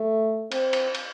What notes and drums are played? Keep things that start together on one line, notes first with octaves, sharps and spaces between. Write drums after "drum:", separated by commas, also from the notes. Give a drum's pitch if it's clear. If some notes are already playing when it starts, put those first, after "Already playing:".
Already playing: A3
C4, drum: cymbal
drum: cymbal
drum: cymbal